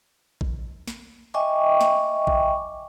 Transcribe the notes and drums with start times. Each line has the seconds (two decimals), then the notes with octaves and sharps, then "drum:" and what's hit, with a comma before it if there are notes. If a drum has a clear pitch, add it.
0.41 drum: kick A#1
0.87 drum: snare
1.34 D#5 E5 G5 G#5 C#6 D6
1.81 drum: snare
2.27 drum: kick A#1